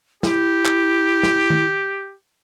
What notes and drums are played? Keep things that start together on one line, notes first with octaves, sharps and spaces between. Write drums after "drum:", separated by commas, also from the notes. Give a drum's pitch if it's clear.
E4 G4, drum: snare
drum: clap
drum: snare
drum: tom D#3